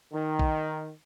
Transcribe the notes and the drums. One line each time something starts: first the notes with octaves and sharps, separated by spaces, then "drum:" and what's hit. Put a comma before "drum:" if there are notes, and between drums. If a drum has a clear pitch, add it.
D#3
drum: kick A#1